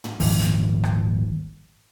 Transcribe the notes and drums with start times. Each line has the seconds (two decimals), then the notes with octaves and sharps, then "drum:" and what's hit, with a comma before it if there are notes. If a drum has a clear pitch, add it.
0.04 drum: tom
0.20 D#1 G#1 E3 F3, drum: open hi-hat
0.39 drum: snare
0.84 drum: rim click